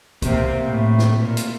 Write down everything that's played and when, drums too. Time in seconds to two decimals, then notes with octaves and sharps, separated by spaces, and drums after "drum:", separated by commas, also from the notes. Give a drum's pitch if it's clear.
0.22 C3 A#3 C4, drum: kick, hi-hat
0.65 A2
0.99 drum: snare
1.19 A#2
1.37 drum: hi-hat